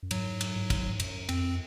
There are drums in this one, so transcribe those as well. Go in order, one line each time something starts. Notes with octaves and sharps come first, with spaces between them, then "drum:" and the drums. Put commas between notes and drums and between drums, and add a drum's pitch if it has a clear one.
F#2
G#2 F#3, drum: cymbal
drum: cymbal
G#2
drum: kick, cymbal
F#2, drum: cymbal
F2 C4, drum: cymbal